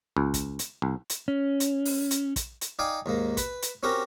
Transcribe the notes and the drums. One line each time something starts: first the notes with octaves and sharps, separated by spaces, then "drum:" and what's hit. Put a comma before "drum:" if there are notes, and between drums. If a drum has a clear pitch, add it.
C#2
drum: kick, hi-hat
drum: hi-hat
C2
drum: hi-hat
C#4
drum: hi-hat
drum: open hi-hat
drum: hi-hat
drum: kick, hi-hat
drum: hi-hat
D#4 D5 F5 G5 G#5
D#2 G#2 A#3
B4, drum: kick, hi-hat
drum: hi-hat
C4 C#4 F#4 G4 A#4